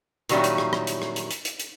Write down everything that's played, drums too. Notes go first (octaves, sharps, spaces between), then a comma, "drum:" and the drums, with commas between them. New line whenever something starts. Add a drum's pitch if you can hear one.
A#2 D#3 F#3 G3 C#4 E4, drum: hi-hat
drum: hi-hat
drum: rim click
drum: rim click
drum: hi-hat
drum: rim click
drum: hi-hat
drum: hi-hat
drum: hi-hat
drum: hi-hat